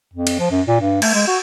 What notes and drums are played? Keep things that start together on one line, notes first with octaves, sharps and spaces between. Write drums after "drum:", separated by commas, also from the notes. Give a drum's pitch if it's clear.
F2
drum: cymbal
F3
F#2
A#2
G2
A3, drum: cymbal
G#3
F#4